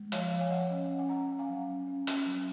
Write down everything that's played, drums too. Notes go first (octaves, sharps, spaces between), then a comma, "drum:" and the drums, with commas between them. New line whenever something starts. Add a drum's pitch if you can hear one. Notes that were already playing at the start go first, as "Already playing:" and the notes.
Already playing: G#3
F3 C#5 F5, drum: hi-hat
F3 C#5 F5
G#5
F3 D#5 F#5
C#4
C#4
G#5
C#4 F#5 A#5
C#4
F5 G#5
F#3
C#4
C#4
C#4, drum: hi-hat
F#3